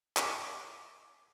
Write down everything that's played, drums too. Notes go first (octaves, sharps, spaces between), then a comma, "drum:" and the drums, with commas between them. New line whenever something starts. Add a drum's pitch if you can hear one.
D6 B6, drum: clap